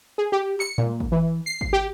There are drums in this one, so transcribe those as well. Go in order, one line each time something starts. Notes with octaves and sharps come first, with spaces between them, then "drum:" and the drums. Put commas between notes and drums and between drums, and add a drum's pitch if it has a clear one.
G#4
G4
C#7, drum: clap
A#2, drum: tom
drum: kick
E3
C7
drum: kick
G4